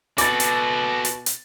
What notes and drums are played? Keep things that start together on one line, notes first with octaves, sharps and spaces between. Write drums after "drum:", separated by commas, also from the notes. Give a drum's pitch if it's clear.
B2 F#4 A4 D6 A6, drum: hi-hat
drum: hi-hat
drum: hi-hat
drum: hi-hat